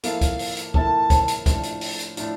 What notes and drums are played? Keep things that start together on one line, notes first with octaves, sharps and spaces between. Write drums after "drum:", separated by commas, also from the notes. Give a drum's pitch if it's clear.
F3 A#3 E4 A4 F5, drum: hi-hat
drum: kick, hi-hat
drum: open hi-hat
drum: hi-hat
F3 A#3 E4 A4 A5, drum: kick
drum: kick, hi-hat
drum: hi-hat
A2 F3 A3 D4 F4, drum: kick, hi-hat
drum: hi-hat
drum: open hi-hat
drum: hi-hat
A2 F3 A3 D4 F4, drum: hi-hat